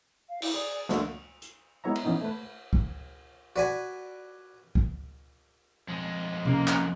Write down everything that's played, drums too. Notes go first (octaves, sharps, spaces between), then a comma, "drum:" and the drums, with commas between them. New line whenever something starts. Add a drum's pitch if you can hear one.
F5
E4, drum: cymbal
G#4 D5
D3 A3 A#3 C#6, drum: snare
drum: hi-hat
G#3 B3 E4 C#5 E5 A#5
drum: cymbal
E3 B3 C#4 D#4
A3 B4
drum: kick
F#4 B4 D5 G#5
drum: kick
F2 G#3
C#3 A#3, drum: tom C3
drum: clap